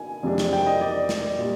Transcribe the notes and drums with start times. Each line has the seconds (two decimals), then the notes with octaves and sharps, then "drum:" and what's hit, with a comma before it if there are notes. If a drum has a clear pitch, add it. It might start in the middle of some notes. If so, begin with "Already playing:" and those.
Already playing: G#5
0.23 F2 C3 F3 G#3 D4
0.38 drum: snare
0.53 G5
0.66 D#5
0.81 D5
1.09 drum: snare
1.38 A#2 G3